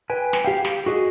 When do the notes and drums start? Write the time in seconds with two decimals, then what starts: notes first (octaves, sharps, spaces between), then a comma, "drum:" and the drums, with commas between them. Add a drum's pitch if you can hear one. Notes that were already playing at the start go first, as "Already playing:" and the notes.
0.10 B4 G5 G#5
0.33 drum: snare
0.45 G4 F5 G5
0.65 G4, drum: snare
0.86 F#4 G#4 D#5